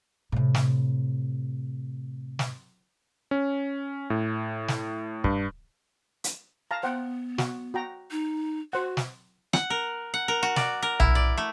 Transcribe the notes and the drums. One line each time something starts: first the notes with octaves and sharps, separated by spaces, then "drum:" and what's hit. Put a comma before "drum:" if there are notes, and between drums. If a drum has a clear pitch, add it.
A2 C3
drum: snare
drum: snare
C#4
A2
drum: snare
G2, drum: kick
drum: hi-hat
F5 A5 A#5
B3 C5 F#5 G5
F#4, drum: snare
F#4 G5 A#5
D#4
F#4 C5 F#5
drum: snare
F#5, drum: rim click
A#4
F#5
A#4
F#4
D5, drum: snare
A#4
E4, drum: tom B1
D5
A3